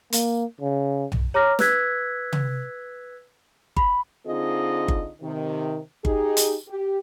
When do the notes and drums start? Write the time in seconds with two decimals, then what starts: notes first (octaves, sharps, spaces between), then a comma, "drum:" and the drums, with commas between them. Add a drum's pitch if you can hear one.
0.13 A#3, drum: hi-hat
0.61 C#3
1.12 drum: tom B1
1.34 C#5 A#5 D6 F6 A#6
1.59 B4 E6 F#6 G#6 B6, drum: snare
2.33 drum: tom
3.77 B5, drum: kick G1
4.27 D3 C4 D#4 F4 G#4 D#5
4.88 drum: kick G1
5.22 C3 D#3
6.05 D#4 G4 G#4, drum: kick G1
6.37 drum: hi-hat
6.68 G4